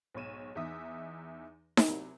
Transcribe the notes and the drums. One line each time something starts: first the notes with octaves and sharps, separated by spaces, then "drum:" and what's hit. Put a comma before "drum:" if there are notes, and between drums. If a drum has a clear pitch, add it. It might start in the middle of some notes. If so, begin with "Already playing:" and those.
B1 G#2 C#5 D#7 E7
E2 D#4 E5 D#6
drum: snare D#4
C3 F#3 E4